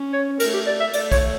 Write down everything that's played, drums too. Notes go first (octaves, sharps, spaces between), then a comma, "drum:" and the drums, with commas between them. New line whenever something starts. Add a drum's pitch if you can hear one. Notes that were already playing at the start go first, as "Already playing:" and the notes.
Already playing: C#4
C#5
A3 A#4, drum: cymbal
G4
D5
E5
A3 D5, drum: cymbal
C#5, drum: kick, cymbal